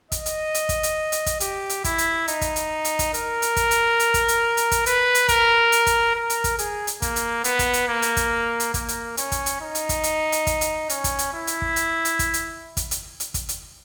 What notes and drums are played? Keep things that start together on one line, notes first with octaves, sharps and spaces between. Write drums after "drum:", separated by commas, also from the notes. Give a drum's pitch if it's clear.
D#5, drum: kick, hi-hat
drum: hi-hat
drum: hi-hat
drum: kick, hi-hat
drum: hi-hat
drum: hi-hat
drum: kick, hi-hat
G4, drum: hi-hat
drum: hi-hat
E4, drum: kick, hi-hat
drum: hi-hat
D#4, drum: hi-hat
drum: kick, hi-hat
drum: hi-hat
drum: hi-hat
drum: kick, hi-hat
A#4, drum: hi-hat
drum: hi-hat
drum: kick, hi-hat
drum: hi-hat
drum: hi-hat
drum: kick, hi-hat
drum: hi-hat
drum: hi-hat
drum: kick, hi-hat
B4, drum: hi-hat
drum: hi-hat
A#4, drum: kick, hi-hat
drum: hi-hat
drum: kick, hi-hat
A#4
drum: hi-hat
drum: kick, hi-hat
G#4, drum: hi-hat
drum: hi-hat
A#3, drum: kick, hi-hat
drum: hi-hat
B3, drum: hi-hat
drum: kick, hi-hat
drum: hi-hat
A#3
drum: hi-hat
drum: kick, hi-hat
drum: hi-hat
A#3, drum: kick, hi-hat
drum: hi-hat
C#4, drum: hi-hat
drum: kick, hi-hat
drum: hi-hat
D#4
drum: hi-hat
drum: kick, hi-hat
drum: hi-hat
drum: hi-hat
drum: kick, hi-hat
drum: hi-hat
C#4, drum: hi-hat
drum: kick, hi-hat
drum: hi-hat
E4
drum: hi-hat
drum: kick
drum: hi-hat
drum: hi-hat
drum: kick, hi-hat
drum: hi-hat
drum: kick, hi-hat
drum: hi-hat
drum: hi-hat
drum: kick, hi-hat
drum: hi-hat